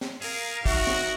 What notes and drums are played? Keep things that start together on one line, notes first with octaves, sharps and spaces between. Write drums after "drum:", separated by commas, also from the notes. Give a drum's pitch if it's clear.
drum: snare
G#4 A#4 F5
D#3 F#4 A#4 E5, drum: kick
drum: snare